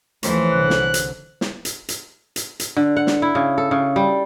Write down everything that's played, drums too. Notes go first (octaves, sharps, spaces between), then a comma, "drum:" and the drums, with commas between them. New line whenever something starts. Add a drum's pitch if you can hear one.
D#2 E3 F3 A3 C#4 C5, drum: hi-hat
C2 D3 F#6
drum: snare
drum: hi-hat
drum: snare
drum: hi-hat
drum: hi-hat
drum: hi-hat
drum: hi-hat
D3
F#5
drum: snare
E4
C#3
A4
C#3
G3